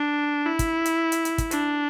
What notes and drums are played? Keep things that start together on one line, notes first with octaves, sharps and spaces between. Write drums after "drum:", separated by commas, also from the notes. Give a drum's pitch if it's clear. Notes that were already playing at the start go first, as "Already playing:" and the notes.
Already playing: D4
E4
drum: kick, hi-hat
drum: hi-hat
drum: hi-hat
drum: hi-hat
drum: kick, hi-hat
D4, drum: hi-hat